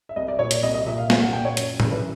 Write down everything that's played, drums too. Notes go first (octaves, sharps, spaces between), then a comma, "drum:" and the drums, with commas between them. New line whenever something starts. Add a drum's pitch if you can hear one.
E5
C2 D#5
D5
A#2 C#5
D5, drum: hi-hat
C2 D#5
D#5
A#2 E5
F5
C2 F5, drum: snare
F#5
A#2 G5
C#5
F#2, drum: hi-hat
C#3 E3, drum: tom A2
B4